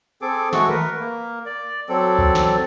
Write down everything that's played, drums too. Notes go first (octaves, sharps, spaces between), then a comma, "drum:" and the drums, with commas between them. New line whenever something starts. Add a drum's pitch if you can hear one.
C4 G#4 A4 D6
G#3 A3 F#4 C#6, drum: snare
A#4 B4, drum: tom D#3
A#3
D5
F#3 C4 A4 D5
drum: kick C#2
drum: snare